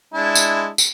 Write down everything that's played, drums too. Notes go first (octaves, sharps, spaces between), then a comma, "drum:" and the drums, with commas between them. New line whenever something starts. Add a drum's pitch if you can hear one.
G#3 D4 E4
drum: tambourine
drum: tambourine